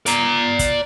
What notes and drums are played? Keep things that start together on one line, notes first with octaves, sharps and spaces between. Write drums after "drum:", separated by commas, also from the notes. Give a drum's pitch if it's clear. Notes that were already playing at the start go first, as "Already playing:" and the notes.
D5 A#5, drum: hi-hat
drum: kick, hi-hat